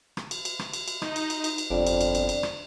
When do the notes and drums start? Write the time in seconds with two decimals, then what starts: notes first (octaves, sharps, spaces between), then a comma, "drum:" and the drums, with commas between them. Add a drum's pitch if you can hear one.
0.17 drum: rim click
0.31 drum: cymbal
0.45 drum: cymbal
0.59 drum: rim click
0.73 drum: cymbal
0.88 drum: cymbal
1.02 D#4, drum: rim click
1.16 drum: cymbal
1.30 drum: cymbal
1.44 drum: cymbal
1.58 drum: cymbal
1.70 G1 F2 D4 D5
1.87 drum: cymbal
2.01 drum: cymbal
2.15 drum: cymbal
2.29 drum: cymbal
2.43 drum: rim click